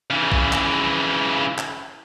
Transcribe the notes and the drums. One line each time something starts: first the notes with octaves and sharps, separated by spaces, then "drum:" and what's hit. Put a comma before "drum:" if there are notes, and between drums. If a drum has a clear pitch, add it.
C#3 E3
drum: kick A#1
drum: clap
drum: clap